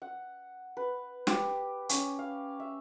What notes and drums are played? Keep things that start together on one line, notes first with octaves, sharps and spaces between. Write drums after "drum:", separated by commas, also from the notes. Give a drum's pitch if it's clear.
F#5
B4
G4, drum: snare
C#4, drum: hi-hat
F5
E5